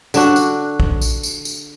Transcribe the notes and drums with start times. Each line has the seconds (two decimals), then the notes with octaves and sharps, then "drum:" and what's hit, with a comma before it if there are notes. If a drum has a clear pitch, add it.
0.14 D3 D4 F#4, drum: tambourine
0.36 drum: tambourine
0.80 drum: kick
1.01 drum: tambourine
1.23 drum: tambourine
1.45 drum: tambourine